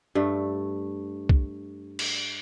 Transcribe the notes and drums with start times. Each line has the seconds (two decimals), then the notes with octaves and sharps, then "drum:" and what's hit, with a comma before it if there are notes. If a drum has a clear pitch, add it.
0.15 G2 A3
1.29 drum: kick C2
1.99 drum: cymbal